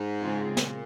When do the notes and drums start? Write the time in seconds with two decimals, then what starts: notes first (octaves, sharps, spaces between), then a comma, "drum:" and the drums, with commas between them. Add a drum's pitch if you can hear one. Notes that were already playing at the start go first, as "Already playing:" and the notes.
Already playing: G#2
0.21 C#3 G#3 C4 F4 G#4
0.57 A#2, drum: snare